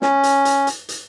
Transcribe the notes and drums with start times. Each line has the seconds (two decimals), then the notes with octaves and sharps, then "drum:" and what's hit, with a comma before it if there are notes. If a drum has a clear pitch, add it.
0.02 C#4, drum: snare
0.23 drum: hi-hat
0.45 drum: hi-hat
0.67 drum: hi-hat
0.89 drum: hi-hat